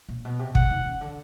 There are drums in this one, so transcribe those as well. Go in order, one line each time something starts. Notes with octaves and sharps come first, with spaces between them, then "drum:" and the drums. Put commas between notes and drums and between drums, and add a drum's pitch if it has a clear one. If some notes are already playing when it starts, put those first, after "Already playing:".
A#2
B2
C3
B2 F#5, drum: kick
D#3
C#3
D3